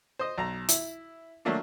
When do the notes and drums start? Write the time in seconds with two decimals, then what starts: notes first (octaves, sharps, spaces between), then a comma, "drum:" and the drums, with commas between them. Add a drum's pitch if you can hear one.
0.19 C5 D#5
0.38 B1 A#5
0.69 E4, drum: hi-hat
1.45 F#3 A3 A#3 D4